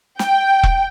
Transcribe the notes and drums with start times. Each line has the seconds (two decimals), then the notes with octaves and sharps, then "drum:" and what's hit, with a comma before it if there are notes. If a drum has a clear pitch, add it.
0.19 G5, drum: snare
0.63 drum: kick E1